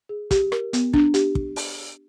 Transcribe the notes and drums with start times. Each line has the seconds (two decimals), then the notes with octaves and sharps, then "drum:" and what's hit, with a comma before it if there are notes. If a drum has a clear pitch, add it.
0.09 G#4
0.31 G4, drum: kick, hi-hat
0.52 A#4, drum: rim click
0.73 B3, drum: hi-hat
0.93 D4, drum: kick
1.14 G4, drum: hi-hat
1.35 drum: kick
1.56 drum: open hi-hat